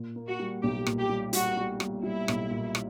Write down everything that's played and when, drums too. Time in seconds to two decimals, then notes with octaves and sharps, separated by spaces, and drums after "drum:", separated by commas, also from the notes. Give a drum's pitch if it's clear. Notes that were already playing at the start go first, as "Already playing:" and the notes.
Already playing: A#2
0.16 A#3
0.27 F#4
0.39 G3
0.62 B1 G4
0.86 A#2, drum: rim click
0.98 G4
1.09 G3
1.33 G3 F#4, drum: hi-hat
1.57 G3
1.80 G3, drum: rim click
2.03 G3 E4
2.28 B1, drum: rim click
2.51 A#2
2.75 drum: rim click